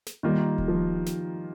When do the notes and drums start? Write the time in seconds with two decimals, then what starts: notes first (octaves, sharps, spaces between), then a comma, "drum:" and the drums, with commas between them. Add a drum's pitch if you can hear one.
0.07 drum: snare
0.23 D#3 G3 A#3 F4
0.58 drum: kick D1
0.68 F3
1.06 drum: snare